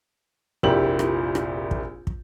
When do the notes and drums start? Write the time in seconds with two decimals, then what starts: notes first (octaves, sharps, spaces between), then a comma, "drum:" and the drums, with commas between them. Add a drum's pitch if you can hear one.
0.63 F1 A#1 A#2 E4 G4 F#7, drum: kick
0.99 drum: rim click
1.35 drum: rim click
1.71 drum: kick
2.07 drum: kick